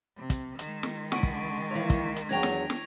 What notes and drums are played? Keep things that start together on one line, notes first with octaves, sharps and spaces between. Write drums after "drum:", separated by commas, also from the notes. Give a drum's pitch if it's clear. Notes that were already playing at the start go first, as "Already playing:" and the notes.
C3
drum: kick, hi-hat
D#3 G#3, drum: hi-hat
drum: snare
C#3 F#5 G#5 C#6 B6 D7, drum: snare
drum: kick
E3 A#3 C#5
drum: kick, hi-hat
drum: hi-hat
E2 F#3 D4 C#5 G5 G#6 A#6 F7
drum: snare
drum: snare